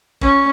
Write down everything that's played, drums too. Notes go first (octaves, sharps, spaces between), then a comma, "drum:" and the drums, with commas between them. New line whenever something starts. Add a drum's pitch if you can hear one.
C#4, drum: kick